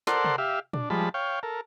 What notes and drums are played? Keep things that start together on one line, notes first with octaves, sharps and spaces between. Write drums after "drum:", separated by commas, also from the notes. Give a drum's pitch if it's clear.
A4 A#4 C5 D5 F#5 C6, drum: snare
drum: tom C3
G4 E5 F5
D4, drum: tom A#2
F3 G3 G#3 A5 B5
C#5 F5 G5
A4 A#4